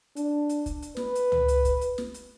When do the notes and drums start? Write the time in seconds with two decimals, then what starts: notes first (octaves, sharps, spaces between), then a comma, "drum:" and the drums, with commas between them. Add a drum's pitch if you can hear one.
0.16 D4, drum: hi-hat
0.49 drum: hi-hat
0.66 drum: kick, hi-hat
0.82 drum: hi-hat
0.97 B4, drum: snare
1.15 drum: hi-hat
1.32 drum: tom C#2
1.48 drum: hi-hat
1.65 drum: kick, hi-hat
1.81 drum: hi-hat
1.98 drum: snare
2.14 drum: hi-hat